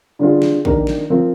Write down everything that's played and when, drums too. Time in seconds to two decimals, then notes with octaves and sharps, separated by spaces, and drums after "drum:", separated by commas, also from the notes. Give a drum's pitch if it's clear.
0.19 D3 G3 D4 F4 G#4
0.42 drum: snare
0.65 D#3 A#3 D4 G4 A#4, drum: kick
0.87 drum: snare
1.10 F3 C4 F4 A#4